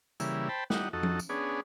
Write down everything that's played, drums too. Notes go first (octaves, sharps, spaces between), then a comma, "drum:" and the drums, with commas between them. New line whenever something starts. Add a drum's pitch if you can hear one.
C#3 E3 G3 A#3 E4, drum: tambourine
C5 G5 A5 B5
G3 D#4 F#5, drum: snare
F2 D#4 F#4 A4
drum: tom F3
drum: tambourine
B3 C#4 D4 G#4